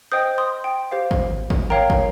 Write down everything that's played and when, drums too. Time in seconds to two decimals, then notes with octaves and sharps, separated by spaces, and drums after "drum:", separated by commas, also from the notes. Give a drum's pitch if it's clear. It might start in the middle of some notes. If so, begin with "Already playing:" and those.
0.12 C5 D#5 G5 D#6 G6
0.38 C6 D#6
0.64 G5
0.91 G4 C5 F5
1.11 drum: kick
1.50 drum: kick
1.70 A#4 C#5 F5 G5 A#5
1.90 drum: kick